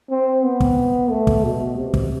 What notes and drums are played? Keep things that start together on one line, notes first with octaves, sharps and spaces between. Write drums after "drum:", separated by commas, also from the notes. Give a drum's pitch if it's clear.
C4
B3
drum: kick
A3
drum: kick
B2
C3
drum: kick